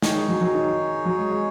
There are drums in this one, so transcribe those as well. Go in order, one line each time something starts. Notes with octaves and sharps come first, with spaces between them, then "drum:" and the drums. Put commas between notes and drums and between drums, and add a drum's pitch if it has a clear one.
D#3 D#4 G#4 C#5, drum: snare
G#3
F#3
F#3
D#3
F#3
G#3
G#3